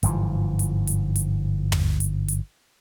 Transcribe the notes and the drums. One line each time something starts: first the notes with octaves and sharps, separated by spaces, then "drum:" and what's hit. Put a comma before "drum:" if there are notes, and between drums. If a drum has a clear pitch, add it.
G1 G#2 E3 F3, drum: hi-hat
drum: hi-hat
drum: hi-hat
drum: hi-hat
drum: tom
drum: hi-hat
drum: hi-hat